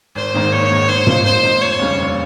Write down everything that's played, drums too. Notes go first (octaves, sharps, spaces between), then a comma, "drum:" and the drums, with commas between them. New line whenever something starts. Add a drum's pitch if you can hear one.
G#1 C5
G#2 D#3 A#3
G#1 C#5
G#2 D#3 A#3
G#2 C5
F3 A#3 D#4, drum: tom
G#2 C5
F3 A#3 D#4
F1 C#5
D#2 C#3 G3 C#4
F1